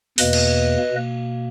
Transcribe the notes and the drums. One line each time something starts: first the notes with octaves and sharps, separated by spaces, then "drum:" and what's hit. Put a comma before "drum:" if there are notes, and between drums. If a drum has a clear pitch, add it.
E2 B2 A#3 B4 D#5, drum: open hi-hat
drum: cymbal
B2 A#3